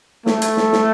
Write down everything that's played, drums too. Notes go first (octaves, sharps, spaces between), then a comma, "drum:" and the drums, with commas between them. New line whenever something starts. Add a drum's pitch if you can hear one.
A3, drum: snare
drum: hi-hat
drum: snare
drum: snare